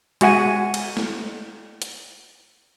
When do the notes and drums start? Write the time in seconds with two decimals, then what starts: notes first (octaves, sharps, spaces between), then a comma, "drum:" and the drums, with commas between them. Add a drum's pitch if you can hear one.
0.21 G#3 F#4 E5 F#5 G#5, drum: hi-hat
0.74 drum: cymbal
0.97 drum: snare
1.82 drum: hi-hat